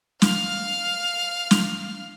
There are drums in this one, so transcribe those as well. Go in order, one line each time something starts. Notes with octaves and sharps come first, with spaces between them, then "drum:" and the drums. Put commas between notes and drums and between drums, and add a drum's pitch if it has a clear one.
F5 F6, drum: snare
drum: snare